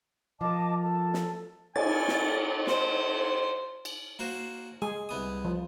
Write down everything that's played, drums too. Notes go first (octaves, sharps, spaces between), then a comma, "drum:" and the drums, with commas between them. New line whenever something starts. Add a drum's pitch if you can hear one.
F3 A#4 D#5 A5 D6
A4 A5
drum: snare
G#5 A6, drum: cymbal
drum: snare
C5, drum: snare
drum: cymbal
A#3 F#4 C5
G#3 G#4 G#5
C2 B3 D#6
F3